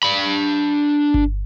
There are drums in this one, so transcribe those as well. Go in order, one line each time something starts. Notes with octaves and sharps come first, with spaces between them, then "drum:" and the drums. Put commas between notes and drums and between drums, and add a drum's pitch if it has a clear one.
D4 B5
drum: kick G1